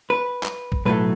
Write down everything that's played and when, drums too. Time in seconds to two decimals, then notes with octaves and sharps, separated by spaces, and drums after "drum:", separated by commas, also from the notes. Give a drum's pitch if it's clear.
0.10 B4
0.43 drum: clap
0.72 drum: kick
0.85 B1 A2 F#3 A3 B4